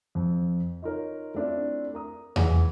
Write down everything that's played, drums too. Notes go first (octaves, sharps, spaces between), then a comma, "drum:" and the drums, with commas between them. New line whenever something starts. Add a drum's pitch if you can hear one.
F2
D#4 F4 A#4 C#5
A3 C4 D4 E4 F4
A#4 A#5 D#6
E3 G#4 F#5, drum: tom E2